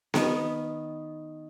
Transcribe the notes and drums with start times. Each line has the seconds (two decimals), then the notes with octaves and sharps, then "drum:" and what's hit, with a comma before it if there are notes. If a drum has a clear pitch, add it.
0.14 D#3 B3 D#5, drum: snare B3